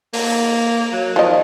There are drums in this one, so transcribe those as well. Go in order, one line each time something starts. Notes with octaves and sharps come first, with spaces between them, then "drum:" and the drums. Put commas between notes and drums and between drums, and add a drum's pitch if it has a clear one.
A#3, drum: open hi-hat
F#3
D#3 F3 D#5